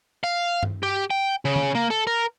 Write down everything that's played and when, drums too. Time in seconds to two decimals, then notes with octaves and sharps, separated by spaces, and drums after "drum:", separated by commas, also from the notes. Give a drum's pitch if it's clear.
0.24 F5
0.63 drum: tom G2
0.83 G4
1.11 G5
1.45 C#3
1.56 drum: tom C#3
1.75 A#3
1.90 A4
2.07 A#4